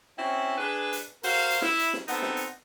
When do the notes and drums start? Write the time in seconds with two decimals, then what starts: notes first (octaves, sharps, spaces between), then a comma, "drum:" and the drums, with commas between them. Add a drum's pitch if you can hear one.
0.18 C4 C#4 E4 F#4
0.58 D4 G#4 B4
0.93 drum: hi-hat
1.23 F#4 A#4 C5 F5, drum: open hi-hat
1.50 drum: hi-hat
1.62 E4, drum: snare
1.79 drum: hi-hat
1.93 drum: snare
2.08 B3 C4 D#4 A4, drum: hi-hat
2.22 drum: snare
2.37 drum: hi-hat